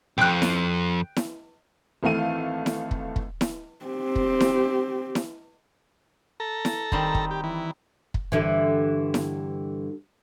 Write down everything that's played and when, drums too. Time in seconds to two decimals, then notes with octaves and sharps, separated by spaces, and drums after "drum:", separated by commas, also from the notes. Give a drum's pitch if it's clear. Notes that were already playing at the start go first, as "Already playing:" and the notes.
0.18 B1 F2 G5 F#6
0.42 drum: snare E4
1.16 drum: snare E4
2.03 G#1 E3 A3 F5 D#7
2.66 drum: snare E4
2.91 drum: kick
3.16 drum: kick
3.41 drum: snare E4
3.85 C4 G4
4.16 drum: kick
4.40 drum: snare E4
5.15 drum: snare E4
6.40 A4 A#5
6.65 drum: snare E4
6.92 D#3 G3 C4, drum: kick
7.15 drum: kick
7.31 G4
7.44 E3
8.14 drum: kick
8.32 G2 D3 E3
9.14 drum: snare E4